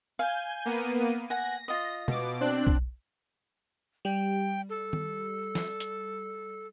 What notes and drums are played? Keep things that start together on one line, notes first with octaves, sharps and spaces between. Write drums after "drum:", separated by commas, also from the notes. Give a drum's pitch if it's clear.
F5 G#5 G6
A#3 B3 D#7
F#5 G#5 A#6
F4 D#5
B2 D6, drum: tom B2
C4 D4 F#6
drum: kick B1
G3 G5
A4
drum: tom D#3
drum: snare
drum: hi-hat